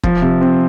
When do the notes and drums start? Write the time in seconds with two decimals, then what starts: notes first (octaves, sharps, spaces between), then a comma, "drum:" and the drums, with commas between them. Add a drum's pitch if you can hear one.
0.03 F3, drum: kick E1
0.22 C3
0.41 C4